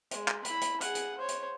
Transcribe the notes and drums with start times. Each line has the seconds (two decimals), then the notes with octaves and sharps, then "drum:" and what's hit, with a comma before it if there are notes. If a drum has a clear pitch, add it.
0.11 G#3, drum: hi-hat
0.28 drum: clap
0.45 E4 B5, drum: hi-hat
0.61 drum: hi-hat
0.81 G#4 F#5, drum: hi-hat
0.95 drum: hi-hat
1.18 C5 C#5
1.29 drum: hi-hat